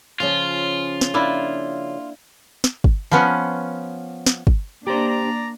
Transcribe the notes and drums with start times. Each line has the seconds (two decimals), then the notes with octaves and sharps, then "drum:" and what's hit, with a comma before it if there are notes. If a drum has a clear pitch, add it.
0.20 C#3 F3 C#4 F4
1.01 drum: snare
1.14 A#3 D4 E4
2.64 drum: snare
2.84 drum: kick
3.11 F3 B3 C#4
4.26 drum: snare
4.47 drum: kick
4.87 A#3 D4 G4 C5 D5 A#5